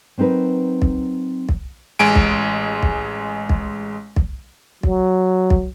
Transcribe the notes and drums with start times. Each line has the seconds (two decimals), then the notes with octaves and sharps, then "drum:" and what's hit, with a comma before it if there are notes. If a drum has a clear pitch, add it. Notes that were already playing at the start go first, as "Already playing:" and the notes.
0.18 F#3 C4 D#4 A#4 B4
0.82 drum: kick
1.49 drum: kick
1.99 A1 G#3 G#5 D7
2.16 drum: kick
2.82 drum: kick
3.49 drum: kick
4.16 drum: kick
4.83 F#3, drum: kick
5.50 drum: kick